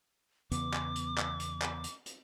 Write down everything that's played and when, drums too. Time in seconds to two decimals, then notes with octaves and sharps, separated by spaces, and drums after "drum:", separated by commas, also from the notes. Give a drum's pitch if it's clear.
0.51 E2 C#3 B3 D6, drum: hi-hat
0.74 drum: clap
0.96 drum: hi-hat
1.18 drum: clap
1.40 drum: hi-hat
1.62 drum: clap
1.84 drum: hi-hat
2.06 drum: hi-hat